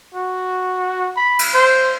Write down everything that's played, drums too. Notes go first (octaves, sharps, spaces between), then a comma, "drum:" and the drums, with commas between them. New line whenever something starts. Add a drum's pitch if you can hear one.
F#4
B5
drum: cymbal
C5